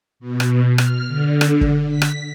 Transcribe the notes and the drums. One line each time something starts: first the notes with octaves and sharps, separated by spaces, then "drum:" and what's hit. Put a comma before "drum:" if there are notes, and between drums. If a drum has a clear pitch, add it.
B2
drum: rim click
F6, drum: rim click
D3
drum: rim click
drum: kick
B6
drum: rim click